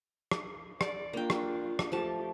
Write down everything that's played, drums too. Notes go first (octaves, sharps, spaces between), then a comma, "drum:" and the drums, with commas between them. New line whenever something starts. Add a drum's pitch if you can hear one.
drum: rim click
D5, drum: rim click
A#3 D4 F4 G5
drum: rim click
drum: rim click
F3 A3 G4 A5